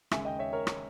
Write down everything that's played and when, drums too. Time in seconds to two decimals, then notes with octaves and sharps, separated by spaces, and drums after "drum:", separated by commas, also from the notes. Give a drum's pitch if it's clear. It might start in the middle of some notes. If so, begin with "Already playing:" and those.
0.11 D#2 C#3 G#3 E5 G#5, drum: rim click
0.25 D#5 G5
0.39 C#5 E5
0.53 A#4 C#5
0.67 drum: rim click